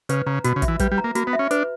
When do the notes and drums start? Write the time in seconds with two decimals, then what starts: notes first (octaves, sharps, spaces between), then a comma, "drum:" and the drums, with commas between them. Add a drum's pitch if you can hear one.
0.09 C#3 B4, drum: hi-hat
0.26 C#3 A#5
0.44 B2 F#4, drum: hi-hat
0.56 C#3
0.62 E5, drum: kick, hi-hat
0.68 E3
0.79 G3 B4, drum: kick, hi-hat
0.91 G3
0.98 A#5
1.04 A#3
1.15 A#3 F#4, drum: hi-hat
1.27 B3
1.33 E5
1.39 C#4
1.51 D4 B4, drum: hi-hat